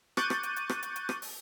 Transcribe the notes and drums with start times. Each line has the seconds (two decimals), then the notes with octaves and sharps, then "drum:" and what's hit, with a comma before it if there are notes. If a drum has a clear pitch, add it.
0.17 C#6 D6 F#6 G6 A6 D#7, drum: rim click
0.30 drum: rim click
0.43 drum: hi-hat
0.56 drum: hi-hat
0.69 drum: rim click
0.83 drum: hi-hat
0.96 drum: hi-hat
1.09 drum: rim click
1.22 drum: open hi-hat